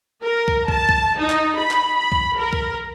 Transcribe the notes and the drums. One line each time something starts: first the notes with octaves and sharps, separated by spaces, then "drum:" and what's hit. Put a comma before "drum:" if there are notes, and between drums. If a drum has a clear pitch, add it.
A#4
drum: kick
A5, drum: kick
drum: kick
D#4
drum: clap
B5
drum: clap
B5
drum: kick
A#4
drum: kick